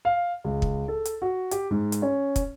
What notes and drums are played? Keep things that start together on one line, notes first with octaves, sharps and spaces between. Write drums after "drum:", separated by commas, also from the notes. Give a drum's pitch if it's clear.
F5
C#2
drum: kick
A4
drum: hi-hat
F#4
G4, drum: hi-hat
G#2
drum: hi-hat
C#4
drum: kick, hi-hat